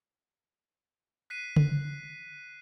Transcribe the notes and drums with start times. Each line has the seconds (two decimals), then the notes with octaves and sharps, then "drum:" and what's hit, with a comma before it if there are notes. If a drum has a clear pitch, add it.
1.30 F#6 B6 C7 D#7
1.56 drum: tom C#3